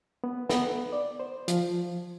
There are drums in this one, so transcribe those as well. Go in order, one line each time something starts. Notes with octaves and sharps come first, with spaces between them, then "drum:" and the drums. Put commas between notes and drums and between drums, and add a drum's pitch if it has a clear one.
B3
B3, drum: snare
D5
C5
F3, drum: hi-hat